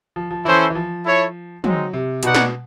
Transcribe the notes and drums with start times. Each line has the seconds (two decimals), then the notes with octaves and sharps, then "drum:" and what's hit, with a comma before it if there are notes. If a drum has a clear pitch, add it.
0.16 F3
0.31 F3
0.45 E3 C#4 E4 A4 C5
0.70 E3
0.75 F3
1.04 E4 A4 C#5
1.64 F#3 G#3 C4 D#4, drum: tom
1.93 C3
2.23 B2 D#4 F#4 B4 D5 F#5, drum: hi-hat
2.35 drum: snare